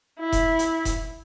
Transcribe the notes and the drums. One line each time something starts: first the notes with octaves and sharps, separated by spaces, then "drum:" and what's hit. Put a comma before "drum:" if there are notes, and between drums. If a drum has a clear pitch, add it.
E4
drum: kick F1, hi-hat
drum: hi-hat
drum: kick F1, hi-hat